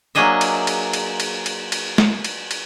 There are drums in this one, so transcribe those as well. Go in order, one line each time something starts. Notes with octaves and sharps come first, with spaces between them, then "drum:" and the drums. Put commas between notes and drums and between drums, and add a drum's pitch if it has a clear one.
F#3 A#3 D4 G#4 D#5 E5
drum: cymbal
drum: cymbal
drum: cymbal
drum: cymbal
drum: cymbal
drum: cymbal
drum: snare
drum: cymbal
drum: cymbal